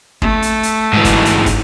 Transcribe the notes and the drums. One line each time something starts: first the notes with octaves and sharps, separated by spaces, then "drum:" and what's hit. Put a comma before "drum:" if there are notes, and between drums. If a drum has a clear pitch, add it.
A3, drum: kick
drum: hi-hat
drum: hi-hat
G#2 E3
drum: kick, hi-hat
drum: hi-hat
drum: kick, hi-hat